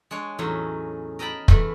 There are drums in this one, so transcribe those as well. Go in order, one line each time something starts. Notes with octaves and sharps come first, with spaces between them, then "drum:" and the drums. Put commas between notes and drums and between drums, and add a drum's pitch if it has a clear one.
G#3 D4 C#5
E2 A2 F#3 C#4 D#4
A#4 D#5 G5 A5 B5
E2 E3 A3 B5, drum: kick